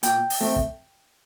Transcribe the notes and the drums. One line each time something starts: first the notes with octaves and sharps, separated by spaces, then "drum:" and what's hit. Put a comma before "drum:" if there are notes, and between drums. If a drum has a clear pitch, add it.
A#2 G5, drum: hi-hat
drum: open hi-hat
A3 C4
drum: kick